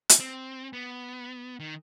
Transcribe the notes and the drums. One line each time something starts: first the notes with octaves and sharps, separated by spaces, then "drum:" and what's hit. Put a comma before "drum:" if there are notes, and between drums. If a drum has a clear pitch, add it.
drum: hi-hat
C4
B3
D#3